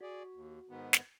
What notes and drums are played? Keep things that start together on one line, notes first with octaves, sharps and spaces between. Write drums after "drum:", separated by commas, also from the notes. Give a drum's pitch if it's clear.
F#4 G#4 D5
D#2
G#2 D#3 B3
drum: snare